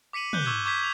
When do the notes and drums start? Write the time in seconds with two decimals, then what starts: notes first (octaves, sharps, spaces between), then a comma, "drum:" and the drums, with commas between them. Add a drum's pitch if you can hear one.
0.13 D6 B6 C#7 D#7 F#7
0.33 F#6 G6 G7, drum: tom
0.45 C#6 D6 E6 G6 G#6 D#7
0.65 C#6 D6 G6 G#6 B6
0.80 B6 F7